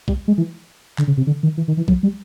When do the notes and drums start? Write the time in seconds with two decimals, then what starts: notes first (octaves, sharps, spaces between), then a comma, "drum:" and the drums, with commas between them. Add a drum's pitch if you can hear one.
0.08 G3, drum: kick
0.28 G#3
0.38 E3
0.98 D3, drum: clap
1.07 C#3
1.17 C3
1.27 D3
1.43 D#3
1.57 E3
1.68 D#3
1.77 E3
1.88 F#3, drum: kick
2.03 G3